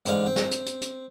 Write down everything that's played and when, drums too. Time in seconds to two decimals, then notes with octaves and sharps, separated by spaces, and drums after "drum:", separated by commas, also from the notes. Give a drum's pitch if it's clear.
0.06 A1 G#2 D3 F5, drum: hi-hat
0.26 C4
0.36 drum: snare
0.51 drum: hi-hat
0.66 drum: hi-hat
0.81 drum: hi-hat